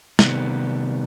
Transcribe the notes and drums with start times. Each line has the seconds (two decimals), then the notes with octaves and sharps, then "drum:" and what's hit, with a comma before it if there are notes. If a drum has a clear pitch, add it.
0.19 C3 D#3 G3 B3, drum: snare